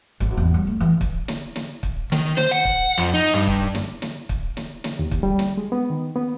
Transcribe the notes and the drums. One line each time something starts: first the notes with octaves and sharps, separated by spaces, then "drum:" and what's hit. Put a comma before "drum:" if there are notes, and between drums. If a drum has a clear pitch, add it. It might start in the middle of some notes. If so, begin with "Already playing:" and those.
G#1, drum: kick
E2
G3
A3
E3
drum: kick
drum: snare
drum: snare
drum: kick
D#3, drum: snare
C5, drum: snare
F#5
drum: kick
F2
D#4
G2
drum: kick
drum: snare
drum: snare
drum: kick
drum: snare
drum: snare
D#2
drum: kick
G3
drum: snare
G#3
B3
D#3
B3